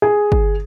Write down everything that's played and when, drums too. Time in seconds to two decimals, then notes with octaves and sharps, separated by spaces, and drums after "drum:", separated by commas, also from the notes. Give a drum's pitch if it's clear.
0.02 G#4
0.32 drum: kick